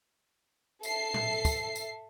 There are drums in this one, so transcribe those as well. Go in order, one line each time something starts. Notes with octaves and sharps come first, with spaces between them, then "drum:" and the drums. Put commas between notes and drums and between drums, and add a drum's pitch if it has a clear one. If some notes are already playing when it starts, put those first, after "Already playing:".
A4 E5 C7, drum: tambourine
drum: tom A2
drum: kick, tambourine
drum: tambourine